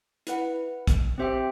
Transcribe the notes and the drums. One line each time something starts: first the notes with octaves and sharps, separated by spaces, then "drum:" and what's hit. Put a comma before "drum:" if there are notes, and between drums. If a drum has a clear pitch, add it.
E4 B4 F#5, drum: hi-hat
drum: kick, hi-hat
C4 G4 C5 E5 G5